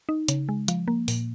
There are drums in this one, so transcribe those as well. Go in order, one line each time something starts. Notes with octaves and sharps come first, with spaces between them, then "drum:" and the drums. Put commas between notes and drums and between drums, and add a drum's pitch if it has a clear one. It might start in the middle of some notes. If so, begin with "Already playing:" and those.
D#4
C#3, drum: hi-hat
G#3
F3, drum: hi-hat
A#3
A#2, drum: open hi-hat